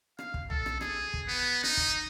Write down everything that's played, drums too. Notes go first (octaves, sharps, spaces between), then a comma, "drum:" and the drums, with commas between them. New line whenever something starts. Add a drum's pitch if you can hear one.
F5, drum: rim click
drum: kick
A4, drum: tom
drum: rim click
G#4, drum: rim click
drum: kick
B3
D#4, drum: rim click
drum: kick